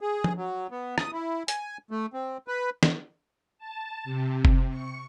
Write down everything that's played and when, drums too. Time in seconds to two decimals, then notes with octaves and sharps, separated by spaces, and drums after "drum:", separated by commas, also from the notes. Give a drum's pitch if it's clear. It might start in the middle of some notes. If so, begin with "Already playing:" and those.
0.01 G#4
0.24 drum: tom
0.37 F#3
0.71 B3
0.98 D#6, drum: rim click
1.13 E4
1.48 G#5, drum: hi-hat
1.91 A3
2.14 C4
2.48 B4
2.83 drum: snare
3.58 A5
4.04 C3
4.45 drum: kick F#1
4.70 C#6